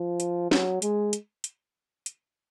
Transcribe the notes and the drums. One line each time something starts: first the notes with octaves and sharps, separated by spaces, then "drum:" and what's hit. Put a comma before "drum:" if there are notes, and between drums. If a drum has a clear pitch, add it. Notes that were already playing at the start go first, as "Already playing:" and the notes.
Already playing: F3
drum: hi-hat
F#3, drum: snare
G#3, drum: hi-hat
drum: hi-hat
drum: hi-hat
drum: hi-hat